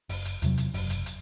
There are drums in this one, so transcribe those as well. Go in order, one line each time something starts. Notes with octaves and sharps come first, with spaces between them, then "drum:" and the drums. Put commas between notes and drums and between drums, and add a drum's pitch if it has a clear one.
F#1, drum: open hi-hat
drum: hi-hat
E2 C3 F#3, drum: hi-hat
drum: hi-hat
F#1, drum: open hi-hat
drum: hi-hat
drum: hi-hat